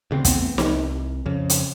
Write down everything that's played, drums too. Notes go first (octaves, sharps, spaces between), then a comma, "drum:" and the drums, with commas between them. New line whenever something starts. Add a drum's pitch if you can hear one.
D2 C#3 G3 C4
E2 A3 B3 C4, drum: kick, hi-hat
C2, drum: snare
F2 C#3
drum: hi-hat